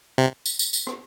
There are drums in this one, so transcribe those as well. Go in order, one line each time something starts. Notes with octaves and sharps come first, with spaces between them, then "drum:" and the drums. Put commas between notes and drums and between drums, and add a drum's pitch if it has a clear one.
C3
drum: tambourine
drum: tambourine
drum: tambourine
drum: rim click